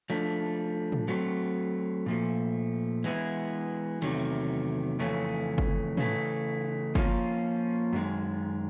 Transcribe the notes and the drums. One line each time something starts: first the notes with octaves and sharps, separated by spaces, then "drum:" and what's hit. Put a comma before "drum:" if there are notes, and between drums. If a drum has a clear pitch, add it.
F3 A3 D4, drum: tambourine
drum: tom
F#3 A3 C4
A#2 F3 A3
E3 G#3 B3 E4, drum: hi-hat
E2 C3 D#3 F#3 A3, drum: cymbal
F2 C#3 E3 A3 C#4
drum: kick G1
C#3 E3 A3, drum: tom
F3 A#3 C#4 F4, drum: kick G1
F#2 D#3 G#3